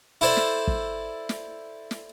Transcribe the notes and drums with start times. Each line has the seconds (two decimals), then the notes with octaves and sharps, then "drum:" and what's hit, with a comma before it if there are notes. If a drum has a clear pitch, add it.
0.21 E4 A4 C5 D5
0.37 drum: snare
0.67 drum: kick
1.29 drum: snare
1.91 drum: snare